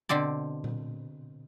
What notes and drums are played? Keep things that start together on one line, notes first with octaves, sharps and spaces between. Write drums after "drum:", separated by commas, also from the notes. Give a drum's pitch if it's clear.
B2 D3 C4 D5
drum: tom A#2